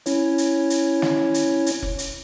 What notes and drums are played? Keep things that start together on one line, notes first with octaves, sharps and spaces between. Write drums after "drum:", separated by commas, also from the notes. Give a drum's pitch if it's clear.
C#4 E4 C#5, drum: hi-hat
drum: hi-hat
drum: hi-hat
drum: snare
drum: hi-hat
drum: hi-hat
drum: kick F1
drum: hi-hat